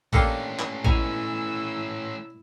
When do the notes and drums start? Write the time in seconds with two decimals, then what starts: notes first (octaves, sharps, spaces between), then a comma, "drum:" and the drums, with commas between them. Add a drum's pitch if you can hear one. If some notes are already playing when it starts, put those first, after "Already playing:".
0.13 A3 A#3 C#4 D4 F4 G4 A4, drum: kick A1
0.59 drum: clap
0.84 B2 E4 G#5 A#5 E6, drum: kick A1